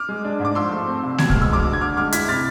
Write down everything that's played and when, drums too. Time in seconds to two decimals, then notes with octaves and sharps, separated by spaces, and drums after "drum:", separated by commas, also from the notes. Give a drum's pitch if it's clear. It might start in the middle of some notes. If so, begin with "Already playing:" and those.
Already playing: D6 F6
0.09 G#3
0.25 D4
0.40 G#2
0.45 D6
0.55 F3 C6 E6
0.71 A3
0.87 C4
1.03 C2
1.18 B2 G#6, drum: snare A3
1.30 G#3 F6, drum: kick C2
1.42 E6
1.50 D2 D6 F6
1.65 D2
1.73 G#6
1.81 D3 D6 F6
1.97 G#3 D6 F6
2.12 E4 G#6 B6, drum: hi-hat
2.28 C3 F6 A6